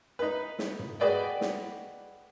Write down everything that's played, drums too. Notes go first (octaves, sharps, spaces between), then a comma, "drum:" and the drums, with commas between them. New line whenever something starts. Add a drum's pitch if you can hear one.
D#4 B4
drum: snare
drum: tom
F#4 G#4 B4 D5 D#5 G5
drum: snare